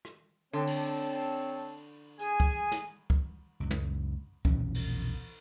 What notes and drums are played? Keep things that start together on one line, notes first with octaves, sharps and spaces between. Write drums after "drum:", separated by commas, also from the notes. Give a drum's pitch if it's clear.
drum: rim click
D3 C4 C#5 A5
drum: cymbal
G#4 G#5, drum: hi-hat
drum: kick
drum: snare
drum: kick
C#2 F#2
drum: tom
A#1 E2 B2 C#4, drum: kick
drum: cymbal